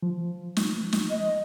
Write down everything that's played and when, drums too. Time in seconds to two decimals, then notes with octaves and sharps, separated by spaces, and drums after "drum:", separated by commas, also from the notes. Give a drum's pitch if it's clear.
0.03 F3
0.57 drum: snare
0.93 drum: snare
1.10 D#5